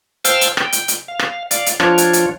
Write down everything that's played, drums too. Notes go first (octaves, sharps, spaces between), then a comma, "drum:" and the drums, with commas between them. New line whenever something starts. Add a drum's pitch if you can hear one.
C5 F5 G5 A5 E6 F6, drum: hi-hat
drum: hi-hat
G5, drum: rim click
drum: hi-hat
drum: hi-hat
F5
drum: rim click
D5 F5, drum: hi-hat
drum: hi-hat
F3 D4 F4 C#5, drum: rim click
drum: hi-hat
drum: hi-hat